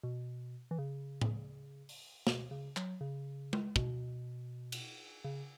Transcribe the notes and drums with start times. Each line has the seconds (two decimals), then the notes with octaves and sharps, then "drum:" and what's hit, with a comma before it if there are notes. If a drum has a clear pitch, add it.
0.03 B2
0.71 E3
0.78 C#3
1.21 drum: tom A2
1.89 drum: open hi-hat
2.27 B2, drum: snare
2.51 C#3
2.77 F#3, drum: clap
3.01 C#3
3.53 drum: tom G#3
3.76 B2, drum: kick
4.72 drum: cymbal
5.25 C#3